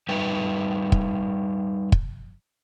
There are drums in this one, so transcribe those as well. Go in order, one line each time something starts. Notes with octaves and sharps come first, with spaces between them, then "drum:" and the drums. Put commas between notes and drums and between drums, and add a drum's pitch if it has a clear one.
G3 D#4 A#4 B4 E5 G5
drum: kick
drum: kick